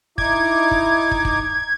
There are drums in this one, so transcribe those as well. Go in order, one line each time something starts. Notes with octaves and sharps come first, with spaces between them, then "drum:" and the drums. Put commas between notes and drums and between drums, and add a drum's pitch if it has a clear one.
D#4 E4 D6 G#6, drum: kick
drum: kick
drum: kick
drum: kick